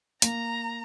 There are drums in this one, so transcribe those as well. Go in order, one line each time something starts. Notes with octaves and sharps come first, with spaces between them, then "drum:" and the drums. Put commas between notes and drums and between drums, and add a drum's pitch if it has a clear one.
A#3 A#5, drum: hi-hat